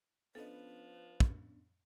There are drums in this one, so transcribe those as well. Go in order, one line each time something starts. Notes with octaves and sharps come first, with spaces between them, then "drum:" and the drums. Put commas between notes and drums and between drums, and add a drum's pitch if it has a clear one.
F3 B3 C#4 D4 A4 B4 D#5
drum: kick